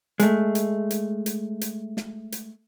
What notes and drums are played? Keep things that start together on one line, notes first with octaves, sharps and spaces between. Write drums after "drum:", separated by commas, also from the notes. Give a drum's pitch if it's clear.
G#3 A3, drum: hi-hat
drum: hi-hat
drum: hi-hat
drum: hi-hat
drum: hi-hat
drum: snare
drum: hi-hat